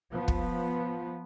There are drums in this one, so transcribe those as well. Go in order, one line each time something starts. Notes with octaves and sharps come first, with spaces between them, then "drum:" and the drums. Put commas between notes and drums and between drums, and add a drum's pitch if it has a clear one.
F3 B3
drum: kick